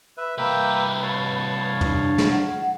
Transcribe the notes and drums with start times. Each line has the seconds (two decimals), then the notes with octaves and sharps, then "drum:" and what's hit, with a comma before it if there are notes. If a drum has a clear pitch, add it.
0.17 B4 E5
0.38 C2 A#3 B4 E5 G5
1.03 C#5 F5 A5
1.81 D4, drum: tom
2.18 drum: snare
2.31 F#5